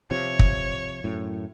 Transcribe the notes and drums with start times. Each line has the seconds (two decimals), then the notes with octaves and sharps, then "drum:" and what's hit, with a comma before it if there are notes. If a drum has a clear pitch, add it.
0.11 C3 F3 C#5
0.39 drum: kick
1.04 F#2 A2